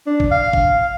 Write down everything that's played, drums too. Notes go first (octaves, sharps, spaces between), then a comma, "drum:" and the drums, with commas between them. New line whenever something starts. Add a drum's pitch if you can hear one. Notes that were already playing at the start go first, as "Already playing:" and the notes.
D4
drum: kick A1
F5
drum: kick A1
F5